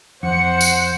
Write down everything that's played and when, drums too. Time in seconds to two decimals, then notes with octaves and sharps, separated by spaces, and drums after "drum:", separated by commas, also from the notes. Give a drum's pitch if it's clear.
0.23 F2 C5 F#5 C#7
0.61 drum: tambourine